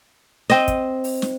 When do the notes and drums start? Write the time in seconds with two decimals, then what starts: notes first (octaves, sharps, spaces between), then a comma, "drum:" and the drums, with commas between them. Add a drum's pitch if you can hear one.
0.50 C4 D#5, drum: snare
0.68 drum: kick, hi-hat
1.04 drum: open hi-hat
1.22 drum: snare